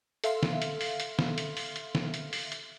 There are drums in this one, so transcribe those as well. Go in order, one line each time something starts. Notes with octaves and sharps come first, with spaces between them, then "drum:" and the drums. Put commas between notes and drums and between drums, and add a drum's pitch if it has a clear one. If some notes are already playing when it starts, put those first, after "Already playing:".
A4 E5 F5 C6 F6, drum: hi-hat
drum: snare
drum: hi-hat
drum: open hi-hat
drum: hi-hat
drum: snare
drum: hi-hat
drum: open hi-hat
drum: hi-hat
drum: snare
drum: hi-hat
drum: open hi-hat
drum: hi-hat